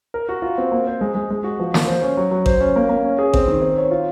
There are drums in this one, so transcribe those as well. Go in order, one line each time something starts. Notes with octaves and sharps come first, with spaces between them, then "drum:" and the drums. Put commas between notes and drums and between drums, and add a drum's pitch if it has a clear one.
A#4
F#4
F4
C4
A#3
C5
G#3
G#3
G#3
F#4
F3
A#3, drum: snare
C5
C#4
F#3
F#3
C5, drum: kick A1
C#4
A#3
A#3
C#4
G#4
C4, drum: kick A1
D#3
C4
C#5
F4